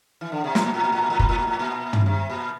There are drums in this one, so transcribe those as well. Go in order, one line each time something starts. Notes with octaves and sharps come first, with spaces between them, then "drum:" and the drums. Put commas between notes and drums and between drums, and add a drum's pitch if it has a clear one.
E3
D3
C3
A2, drum: snare
A#2
A2
A#2
A2
A#2
A2
A#2, drum: kick
A2
A#2
A2
A#2
drum: tom
C3
A#2